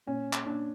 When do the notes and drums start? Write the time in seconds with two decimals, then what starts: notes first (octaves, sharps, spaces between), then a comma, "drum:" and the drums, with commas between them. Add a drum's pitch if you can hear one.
0.07 A#2 C#4
0.33 drum: clap
0.46 A#2 D4